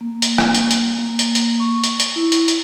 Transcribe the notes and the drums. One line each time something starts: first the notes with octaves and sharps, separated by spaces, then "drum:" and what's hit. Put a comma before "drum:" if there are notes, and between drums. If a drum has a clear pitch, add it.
A#3
drum: hi-hat
drum: rim click
drum: hi-hat
drum: hi-hat
A#3
drum: hi-hat
drum: hi-hat
C#6
drum: hi-hat
drum: hi-hat
E4
drum: hi-hat
drum: hi-hat